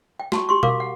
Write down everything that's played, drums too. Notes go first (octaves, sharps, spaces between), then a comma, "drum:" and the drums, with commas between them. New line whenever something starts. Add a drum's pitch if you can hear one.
G5
F#4 A5 C#6, drum: snare
G4 C6 C#6
A#4 F5 D6, drum: tom B2
F#5